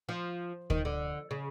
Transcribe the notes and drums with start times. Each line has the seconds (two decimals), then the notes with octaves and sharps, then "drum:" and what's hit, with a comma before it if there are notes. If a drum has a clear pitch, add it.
0.09 F3
0.70 D#3, drum: kick D2
0.85 D3
1.31 C#3